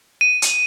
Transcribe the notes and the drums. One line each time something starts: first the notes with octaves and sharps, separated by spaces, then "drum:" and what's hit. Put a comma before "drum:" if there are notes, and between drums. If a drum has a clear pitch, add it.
D#7
drum: hi-hat